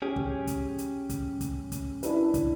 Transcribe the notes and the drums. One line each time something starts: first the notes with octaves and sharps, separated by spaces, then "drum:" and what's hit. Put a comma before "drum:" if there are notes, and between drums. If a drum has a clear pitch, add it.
C#4 G4 G#4
drum: kick
drum: kick, hi-hat
drum: hi-hat
drum: kick, hi-hat
drum: kick, hi-hat
drum: kick, hi-hat
D4 E4 B4, drum: hi-hat
drum: kick, hi-hat